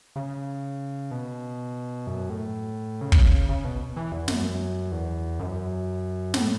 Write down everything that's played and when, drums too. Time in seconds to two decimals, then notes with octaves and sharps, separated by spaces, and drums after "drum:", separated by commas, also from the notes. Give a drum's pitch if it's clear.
0.16 C#3
1.11 B2
2.07 F#2
2.30 A2
3.01 C#3
3.12 drum: kick
3.49 C#3
3.65 B2
3.96 E3
4.12 E2
4.28 F#2, drum: snare
4.92 E2
5.40 F#2
6.34 A2, drum: snare